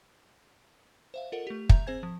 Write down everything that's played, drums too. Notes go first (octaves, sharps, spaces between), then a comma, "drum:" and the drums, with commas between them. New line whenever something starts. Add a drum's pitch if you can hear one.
C5 E5 F5
F4 A4 A#4 D#5 F#5
A3 G4
E5 A#5 G6 F7, drum: kick
C4 G#4 C5 G#5 G#6
F3